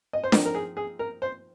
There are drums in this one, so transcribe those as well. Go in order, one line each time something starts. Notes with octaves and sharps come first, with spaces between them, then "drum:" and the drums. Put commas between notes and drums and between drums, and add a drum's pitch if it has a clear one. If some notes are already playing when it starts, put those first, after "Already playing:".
D#5
C5
F3 C4 D#4 A#4, drum: snare D4
A#4
G#4
G#4
A#4
C5